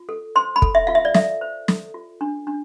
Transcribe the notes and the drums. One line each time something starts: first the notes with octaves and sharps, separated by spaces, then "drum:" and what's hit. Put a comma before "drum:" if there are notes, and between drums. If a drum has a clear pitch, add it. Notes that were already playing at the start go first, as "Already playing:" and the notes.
Already playing: F4
A4
C5 C6
B5
A4, drum: kick
E5
F4 F5
E5
D5
A4 E5, drum: snare
C5
A4, drum: snare
F4
D4
D4